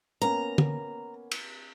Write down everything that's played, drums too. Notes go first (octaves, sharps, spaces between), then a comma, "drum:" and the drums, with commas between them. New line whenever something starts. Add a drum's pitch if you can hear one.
A#3 B3 C#4 A#5
drum: tom
drum: cymbal